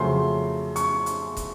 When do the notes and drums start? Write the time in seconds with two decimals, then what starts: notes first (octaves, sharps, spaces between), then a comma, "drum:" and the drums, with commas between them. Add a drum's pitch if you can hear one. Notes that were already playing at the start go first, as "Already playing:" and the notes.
Already playing: F2 C#3 F#3 A3 C6
0.76 C#6, drum: hi-hat
1.06 drum: hi-hat
1.37 drum: kick, hi-hat